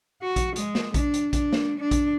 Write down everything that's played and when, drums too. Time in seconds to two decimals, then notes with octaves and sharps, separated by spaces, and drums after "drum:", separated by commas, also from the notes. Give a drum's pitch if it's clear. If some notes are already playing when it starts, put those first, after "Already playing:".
0.22 F#4
0.36 drum: kick A#1, hi-hat
0.56 G#3, drum: hi-hat
0.75 drum: snare A#3
0.94 D4, drum: kick A#1, hi-hat
1.14 drum: hi-hat
1.33 D4, drum: kick A#1, hi-hat
1.53 drum: snare A#3
1.78 D4
1.91 drum: kick A#1, hi-hat